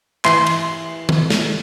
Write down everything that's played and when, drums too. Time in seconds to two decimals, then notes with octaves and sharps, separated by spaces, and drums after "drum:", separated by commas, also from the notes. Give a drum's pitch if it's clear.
0.25 E3 C6, drum: clap
0.46 drum: cymbal
1.09 drum: tom D#3
1.30 drum: snare